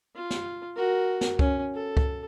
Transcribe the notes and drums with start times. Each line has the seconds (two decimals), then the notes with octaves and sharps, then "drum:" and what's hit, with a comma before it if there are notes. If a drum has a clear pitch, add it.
0.15 F4
0.30 drum: snare
0.76 F#4 A#4
1.21 drum: snare
1.39 C#4, drum: kick C#2
1.74 A4
1.97 drum: kick C#2